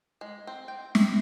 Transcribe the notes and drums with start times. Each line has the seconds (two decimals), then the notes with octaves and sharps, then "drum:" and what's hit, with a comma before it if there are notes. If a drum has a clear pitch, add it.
0.21 G#3
0.47 C4
0.68 G5
0.95 E5, drum: snare